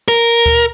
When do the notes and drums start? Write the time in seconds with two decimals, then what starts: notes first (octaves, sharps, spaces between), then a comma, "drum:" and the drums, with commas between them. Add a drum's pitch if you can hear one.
0.08 A#4
0.46 drum: kick D2